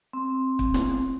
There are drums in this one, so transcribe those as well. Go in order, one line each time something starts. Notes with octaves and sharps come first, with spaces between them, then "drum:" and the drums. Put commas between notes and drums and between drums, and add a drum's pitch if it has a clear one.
C4
drum: kick
drum: snare